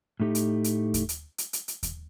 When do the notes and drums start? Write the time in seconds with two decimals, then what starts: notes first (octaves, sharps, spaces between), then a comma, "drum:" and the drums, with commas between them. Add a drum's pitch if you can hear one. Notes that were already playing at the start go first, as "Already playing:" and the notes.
0.20 A2 A3 D#4 G4
0.35 drum: hi-hat
0.64 drum: hi-hat
0.94 drum: kick D#2, hi-hat
1.09 drum: hi-hat
1.38 drum: hi-hat
1.53 drum: hi-hat
1.68 drum: hi-hat
1.83 drum: kick D#2, hi-hat